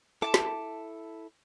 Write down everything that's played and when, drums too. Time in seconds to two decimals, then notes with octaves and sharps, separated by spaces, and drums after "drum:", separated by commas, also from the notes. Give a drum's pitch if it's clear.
0.22 E4 A4 A5 D6
0.34 drum: snare